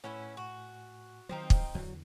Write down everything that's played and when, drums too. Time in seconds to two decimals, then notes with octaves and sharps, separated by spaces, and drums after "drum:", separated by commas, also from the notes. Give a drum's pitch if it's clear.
0.04 A2 C#4 E4 B4 F#5 G#5
0.37 F#4
1.29 D#3 F3 F#3 C4 D#4 C5
1.50 drum: kick
1.75 E2 D3 E3 F#3 F#4